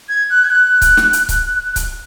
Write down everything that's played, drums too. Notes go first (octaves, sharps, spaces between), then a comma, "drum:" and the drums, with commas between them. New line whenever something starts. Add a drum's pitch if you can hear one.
G#6
F#6
G#6
F#6
drum: kick C#1, hi-hat
drum: snare
drum: hi-hat
drum: kick C#1, hi-hat
drum: kick C#1, hi-hat